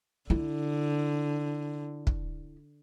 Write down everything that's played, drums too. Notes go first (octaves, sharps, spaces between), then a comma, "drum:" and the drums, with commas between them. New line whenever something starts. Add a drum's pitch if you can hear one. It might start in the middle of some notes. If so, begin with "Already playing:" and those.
D3 E4
drum: kick